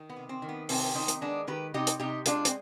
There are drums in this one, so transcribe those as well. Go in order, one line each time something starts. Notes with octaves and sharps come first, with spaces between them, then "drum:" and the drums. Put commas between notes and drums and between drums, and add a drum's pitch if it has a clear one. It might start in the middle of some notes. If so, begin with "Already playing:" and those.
Already playing: D#3
B3
C3
C4
D#3
B3
C3 C4, drum: open hi-hat
D#3 C4 D#4
drum: hi-hat
G#3 B3 D4
D#3 G4 B4
C3 D#4 G4
drum: hi-hat
C3 D#4 G4
G#3 D4 F4, drum: hi-hat
C4, drum: hi-hat